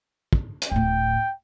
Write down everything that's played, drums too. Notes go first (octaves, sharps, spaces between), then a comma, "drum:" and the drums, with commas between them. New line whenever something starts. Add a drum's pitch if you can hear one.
drum: kick
drum: hi-hat
D1 A2 G5